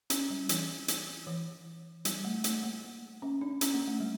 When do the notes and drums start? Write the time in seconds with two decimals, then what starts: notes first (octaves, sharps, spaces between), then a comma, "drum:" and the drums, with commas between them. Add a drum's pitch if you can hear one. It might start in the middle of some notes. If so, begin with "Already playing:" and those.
0.10 C#4, drum: hi-hat
0.30 G3
0.49 E3, drum: hi-hat
0.88 drum: hi-hat
1.27 E3
2.05 G3, drum: hi-hat
2.24 A3
2.44 A3, drum: hi-hat
2.64 A#3
3.22 C#4
3.41 D4
3.61 C#4, drum: hi-hat
3.74 A#3
3.87 A3
4.00 G3